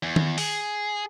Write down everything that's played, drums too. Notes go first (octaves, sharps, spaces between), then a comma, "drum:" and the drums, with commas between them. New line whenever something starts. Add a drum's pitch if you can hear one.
E2
drum: tom D#3
G#4, drum: open hi-hat